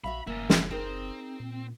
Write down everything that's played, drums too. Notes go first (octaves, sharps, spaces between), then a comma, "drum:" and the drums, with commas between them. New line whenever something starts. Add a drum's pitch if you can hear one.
A#1 F#4 E5 F5 B5
F#1 A#3 C#4 E4
drum: snare
C4 D#4 G#4 A#4
A#2